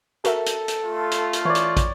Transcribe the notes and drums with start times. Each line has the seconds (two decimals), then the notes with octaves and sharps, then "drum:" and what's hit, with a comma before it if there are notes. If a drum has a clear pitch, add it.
0.25 F#4 A4 A#4 E5, drum: hi-hat
0.46 drum: hi-hat
0.68 drum: hi-hat
0.83 A3 F4
1.11 drum: hi-hat
1.33 drum: hi-hat
1.45 E3 C#5 D5
1.55 drum: hi-hat
1.77 drum: kick, hi-hat